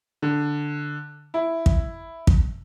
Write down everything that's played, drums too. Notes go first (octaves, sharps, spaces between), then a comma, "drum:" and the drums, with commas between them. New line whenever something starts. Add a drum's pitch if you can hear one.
D3
E4
drum: kick
drum: kick